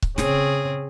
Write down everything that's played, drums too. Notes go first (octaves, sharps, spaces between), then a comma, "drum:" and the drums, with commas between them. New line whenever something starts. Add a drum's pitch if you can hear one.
drum: kick C#1
C#3 C4 C#4 G#4, drum: snare